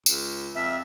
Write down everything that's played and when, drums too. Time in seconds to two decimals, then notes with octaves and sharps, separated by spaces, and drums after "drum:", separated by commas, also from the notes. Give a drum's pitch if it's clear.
0.06 C#2, drum: tambourine
0.55 F2 E5